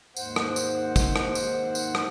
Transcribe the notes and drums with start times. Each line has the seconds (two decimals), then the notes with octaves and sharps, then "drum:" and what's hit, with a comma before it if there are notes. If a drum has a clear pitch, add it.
0.17 D#2 G#2 C5 F#5, drum: tambourine
0.36 drum: rim click
0.56 drum: tambourine
0.96 drum: kick, tambourine
1.16 drum: rim click
1.35 drum: tambourine
1.75 drum: tambourine
1.95 drum: rim click